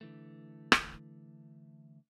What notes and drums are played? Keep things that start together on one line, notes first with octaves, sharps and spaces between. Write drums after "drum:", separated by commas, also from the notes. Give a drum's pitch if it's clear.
D3 E3 A3
drum: rim click